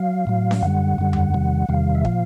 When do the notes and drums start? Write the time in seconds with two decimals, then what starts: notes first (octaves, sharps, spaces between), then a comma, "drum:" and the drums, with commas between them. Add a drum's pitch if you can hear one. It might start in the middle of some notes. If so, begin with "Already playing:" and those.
Already playing: F#3 F5
0.27 A2 F#3
0.51 drum: snare C#4
0.62 F#2 D3 G3 F#5
0.98 F#2 D3 G3
1.13 drum: tom E2
1.34 E2 C3 D#3 G3
1.69 E2 C3 D#3 G3 F5
1.95 E5
2.05 A#2 F3 F5, drum: kick